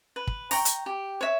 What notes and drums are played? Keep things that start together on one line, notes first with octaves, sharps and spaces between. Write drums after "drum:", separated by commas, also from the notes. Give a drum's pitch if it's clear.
B4
drum: kick
G5 A#5 C#6, drum: open hi-hat
drum: hi-hat
G4
C#5 E5